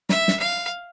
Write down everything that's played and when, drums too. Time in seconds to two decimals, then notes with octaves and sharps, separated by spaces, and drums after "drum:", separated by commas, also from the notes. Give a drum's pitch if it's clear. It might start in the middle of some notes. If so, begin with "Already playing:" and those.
0.09 E5, drum: snare
0.28 drum: snare
0.40 F5